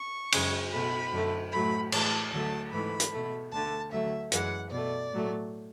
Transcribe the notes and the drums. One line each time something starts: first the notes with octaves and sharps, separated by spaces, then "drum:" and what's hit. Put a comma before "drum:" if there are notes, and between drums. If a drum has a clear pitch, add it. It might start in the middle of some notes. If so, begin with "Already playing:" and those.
Already playing: C#6
F#2 C#3 G#3, drum: cymbal
B2 A3 B5
F#2 D3 A3
A2 F#3 A3 B5
A2 E3 G#3 A5, drum: cymbal
D2 D3 F#3 A3 A5
G#2 E3 A3 B5
drum: hi-hat
B2 A3
D2 D3 A3 A5
D2 D3 F#3 A3 E5
F#2 E3 G#3 F#5, drum: hi-hat
B2 A3 D5
A2 F#3 A3